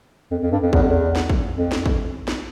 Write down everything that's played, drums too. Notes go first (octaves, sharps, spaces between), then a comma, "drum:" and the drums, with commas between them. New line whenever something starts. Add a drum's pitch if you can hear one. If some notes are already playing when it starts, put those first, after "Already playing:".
F2
F2
G2
F2
E2, drum: kick
F2
E2
drum: snare
drum: kick
F2
drum: snare
drum: kick
drum: snare